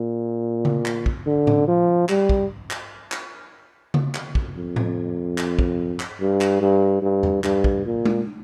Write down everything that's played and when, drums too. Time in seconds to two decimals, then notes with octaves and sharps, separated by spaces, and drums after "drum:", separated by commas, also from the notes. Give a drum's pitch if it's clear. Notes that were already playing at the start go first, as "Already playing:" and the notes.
Already playing: A#2
0.65 drum: tom C#3
0.85 drum: clap
1.06 drum: kick
1.26 D3
1.47 drum: tom A2
1.68 F3
2.09 G3, drum: clap
2.29 drum: kick
2.71 drum: clap
3.12 drum: clap
3.94 drum: tom C#3
4.15 drum: clap
4.35 drum: kick
4.56 F2
4.76 drum: tom A2
5.38 drum: clap
5.59 drum: kick
6.00 drum: clap
6.21 G2
6.41 drum: clap
6.61 G2
7.02 G2
7.23 drum: tom E2
7.44 G2, drum: clap
7.64 drum: kick
7.85 A#2
8.05 drum: tom G#3